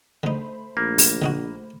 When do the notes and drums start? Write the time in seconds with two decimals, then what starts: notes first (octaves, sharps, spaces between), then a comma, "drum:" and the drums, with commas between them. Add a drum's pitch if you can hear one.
0.23 D3 A3 D#4 C5 B5
0.77 A#1 A#3
0.98 drum: open hi-hat
1.22 D3 D#4 F#4